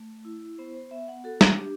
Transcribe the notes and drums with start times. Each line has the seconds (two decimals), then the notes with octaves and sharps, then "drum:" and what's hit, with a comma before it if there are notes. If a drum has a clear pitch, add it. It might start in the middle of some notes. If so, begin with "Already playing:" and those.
Already playing: A3
0.25 E4
0.58 B3 C5
0.74 C5
0.91 B3 E5
1.08 F#5
1.24 F#4 A4
1.41 F#4, drum: snare
1.58 D4 G4